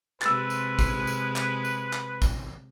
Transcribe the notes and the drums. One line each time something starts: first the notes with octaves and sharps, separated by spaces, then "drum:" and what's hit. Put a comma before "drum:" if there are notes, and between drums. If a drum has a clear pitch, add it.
C3 G#3 B4 E6 A6, drum: clap
drum: tambourine
drum: kick A1, tambourine
drum: tambourine
drum: clap
drum: tambourine
drum: clap
drum: kick A1, tambourine